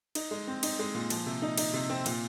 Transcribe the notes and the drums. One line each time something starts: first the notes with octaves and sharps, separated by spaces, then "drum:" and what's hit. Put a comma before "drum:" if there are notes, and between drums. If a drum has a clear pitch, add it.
D#4, drum: cymbal
G#3
C4
D#4, drum: cymbal
G#3
A#2
F3, drum: cymbal
C3
D#4
D#4, drum: cymbal
C3
C4
A#2, drum: cymbal